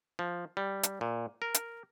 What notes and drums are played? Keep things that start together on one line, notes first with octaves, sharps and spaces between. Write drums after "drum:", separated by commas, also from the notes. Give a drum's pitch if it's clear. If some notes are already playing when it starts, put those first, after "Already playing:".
F3
G3
drum: hi-hat
A#2
A#4
drum: hi-hat